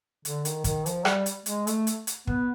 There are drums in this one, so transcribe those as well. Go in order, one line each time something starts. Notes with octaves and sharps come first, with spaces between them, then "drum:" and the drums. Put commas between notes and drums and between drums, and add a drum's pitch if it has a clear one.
D3, drum: hi-hat
D#3, drum: hi-hat
D#3, drum: kick, hi-hat
F3, drum: hi-hat
G3, drum: rim click
drum: hi-hat
G#3, drum: hi-hat
A3, drum: hi-hat
drum: hi-hat
drum: hi-hat
B3, drum: kick